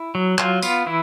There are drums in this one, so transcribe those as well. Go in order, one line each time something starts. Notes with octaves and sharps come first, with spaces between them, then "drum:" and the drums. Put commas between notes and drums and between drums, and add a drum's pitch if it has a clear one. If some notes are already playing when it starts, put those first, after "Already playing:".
Already playing: E4
F#3
F#3 F4, drum: clap
B3 F4, drum: tambourine
E3 E4